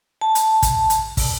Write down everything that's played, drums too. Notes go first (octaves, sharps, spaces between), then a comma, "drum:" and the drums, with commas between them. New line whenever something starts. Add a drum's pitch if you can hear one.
A5
drum: hi-hat
drum: kick, hi-hat
drum: hi-hat
drum: kick, open hi-hat